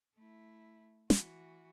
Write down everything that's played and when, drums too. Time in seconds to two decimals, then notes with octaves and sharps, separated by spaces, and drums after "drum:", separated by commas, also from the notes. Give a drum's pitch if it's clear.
0.15 A3 E4
1.10 E3 F#4, drum: snare